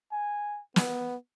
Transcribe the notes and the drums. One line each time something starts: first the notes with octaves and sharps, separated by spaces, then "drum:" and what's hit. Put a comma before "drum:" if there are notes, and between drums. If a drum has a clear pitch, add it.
G#5
B3, drum: snare